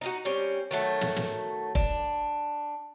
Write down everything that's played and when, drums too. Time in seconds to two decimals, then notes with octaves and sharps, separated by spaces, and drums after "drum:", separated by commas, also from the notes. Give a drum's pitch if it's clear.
0.01 D#4 F4 F#4
0.25 G3 C4 C#4
0.71 D#3 F#3 A3
1.01 drum: snare
1.16 drum: snare
1.75 D4, drum: kick F1